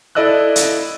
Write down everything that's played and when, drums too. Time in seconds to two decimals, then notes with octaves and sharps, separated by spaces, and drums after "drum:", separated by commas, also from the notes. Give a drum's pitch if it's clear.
0.15 E4 A4 D5 D#5 E6 F#6
0.56 drum: hi-hat